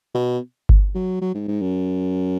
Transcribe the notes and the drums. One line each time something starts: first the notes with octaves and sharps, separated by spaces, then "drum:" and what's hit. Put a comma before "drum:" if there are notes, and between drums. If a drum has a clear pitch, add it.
B2
drum: kick G1
F#3
F#3
G#2
G#2
F#2